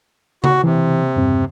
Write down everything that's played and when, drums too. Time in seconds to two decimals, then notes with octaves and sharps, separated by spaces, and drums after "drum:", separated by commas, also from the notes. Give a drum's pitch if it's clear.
0.44 F#4, drum: tom C#3
0.64 C3 E3
1.16 E2 G2 C4